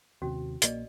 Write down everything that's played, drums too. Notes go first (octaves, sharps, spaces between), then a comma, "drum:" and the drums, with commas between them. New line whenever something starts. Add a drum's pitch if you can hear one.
D#2 C3 C#4 F#4
A#1 A#3 D5 D#5, drum: hi-hat